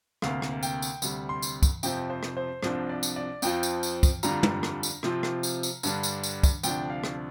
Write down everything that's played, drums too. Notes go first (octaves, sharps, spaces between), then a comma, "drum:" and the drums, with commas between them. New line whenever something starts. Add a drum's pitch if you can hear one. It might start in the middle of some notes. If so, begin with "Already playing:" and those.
D2 C3 A#3 F5, drum: rim click
drum: rim click
G5, drum: tambourine
drum: tambourine
D2 C3 G3, drum: tambourine
C6
drum: tambourine
drum: kick, tambourine
F2 C3 F3 C4 G5, drum: tambourine
C5
drum: rim click
C5
C2 C3 F3 D4 C5, drum: rim click
D5
drum: tambourine
D5
F2 F3 C4 F4 G5, drum: tambourine
drum: tambourine
drum: tambourine
drum: kick, tambourine
F2 D3 G3 D4 F4 A#5, drum: tambourine
drum: tom
drum: rim click
drum: tambourine
C3 F3 C4 F4, drum: rim click
drum: rim click
drum: tambourine
drum: tambourine
G2 D3 G3 D4, drum: tambourine
drum: tambourine
drum: tambourine
drum: kick, tambourine
D2 C3 F3 D4 G5, drum: tambourine
F5
drum: rim click